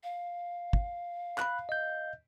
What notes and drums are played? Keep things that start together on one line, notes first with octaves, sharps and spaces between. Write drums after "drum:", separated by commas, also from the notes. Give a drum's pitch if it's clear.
F5
drum: kick
B5 F#6, drum: clap
D#5 G6